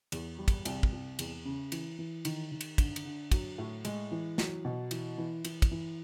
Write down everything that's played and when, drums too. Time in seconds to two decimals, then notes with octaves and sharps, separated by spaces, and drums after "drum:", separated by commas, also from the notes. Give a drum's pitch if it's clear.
0.12 E2, drum: cymbal
0.39 G3
0.48 drum: kick, cymbal
0.65 C2, drum: cymbal
0.83 drum: kick
0.92 C2
1.19 E2, drum: cymbal
1.45 C#3
1.72 E3, drum: cymbal
1.99 E3
2.25 D#3, drum: cymbal
2.52 D#3
2.61 drum: cymbal
2.78 D3, drum: kick, cymbal
2.96 drum: cymbal
3.05 D3
3.32 F#3, drum: kick, cymbal
3.58 A2
3.85 G#3, drum: cymbal
4.11 E3
4.38 F#3, drum: snare
4.65 B2
4.91 E3, drum: cymbal
5.18 E3
5.45 E3, drum: cymbal
5.62 drum: kick, cymbal
5.71 E3